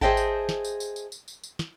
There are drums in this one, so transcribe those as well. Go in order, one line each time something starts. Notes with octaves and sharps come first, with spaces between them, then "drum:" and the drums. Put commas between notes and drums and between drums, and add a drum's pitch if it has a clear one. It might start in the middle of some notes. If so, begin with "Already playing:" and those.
G#4 C5 D#5 E5 G5 A5, drum: kick G#1
drum: tambourine
drum: snare
drum: tambourine
drum: tambourine
drum: tambourine
drum: tambourine
drum: tambourine
drum: tambourine
drum: snare